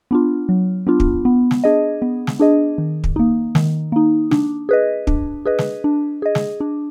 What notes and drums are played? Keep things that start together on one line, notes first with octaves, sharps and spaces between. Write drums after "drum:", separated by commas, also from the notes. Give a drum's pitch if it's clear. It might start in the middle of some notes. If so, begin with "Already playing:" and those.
B3 D4 F4
F#3
B3 D4 F4
drum: kick
B3
drum: snare
D4 G#4 D#5
B3
drum: snare
D4 G#4 D#5
D#3
drum: kick
A#3 D#4
D#3, drum: snare
A#3 D#4
D4, drum: snare
G#4 B4 D#5
D4, drum: kick
G#4 B4 D#5
drum: snare
D4
G#4 D#5
drum: snare
D4